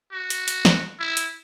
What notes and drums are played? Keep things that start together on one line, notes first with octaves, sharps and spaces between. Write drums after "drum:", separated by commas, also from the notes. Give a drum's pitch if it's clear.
F#4
drum: hi-hat
drum: hi-hat
drum: snare
E4
drum: hi-hat